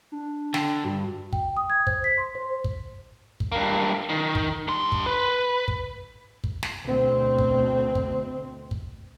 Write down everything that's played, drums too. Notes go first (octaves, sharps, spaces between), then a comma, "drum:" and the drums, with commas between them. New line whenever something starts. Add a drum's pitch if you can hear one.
D4
D3 G5, drum: snare
G2 F#4
G5, drum: kick
D#6
G#6
C5, drum: kick
B6
C6
C5
drum: kick
drum: kick
G2 A#3
D#3
drum: kick
G2 C6
drum: kick
B4
drum: kick
drum: kick
drum: snare
D2 B2 C4
drum: kick
drum: kick
drum: kick